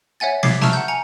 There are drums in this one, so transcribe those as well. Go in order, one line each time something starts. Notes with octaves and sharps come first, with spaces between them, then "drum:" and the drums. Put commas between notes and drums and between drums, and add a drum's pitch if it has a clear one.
C#5 E5 F#5 G#5 A6
D6 G#6 A6 B6 C7, drum: snare
E5 A5 A#5 C#6 E6 F6, drum: snare
F#5 G6
G#5 A#5 C#7